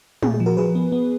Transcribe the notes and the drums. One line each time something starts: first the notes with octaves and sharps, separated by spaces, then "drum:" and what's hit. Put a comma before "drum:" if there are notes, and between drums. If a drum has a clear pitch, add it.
A#2 G#4, drum: tom
G#4
F3
F#4 A#4
F3 G#4 B4
B3
B3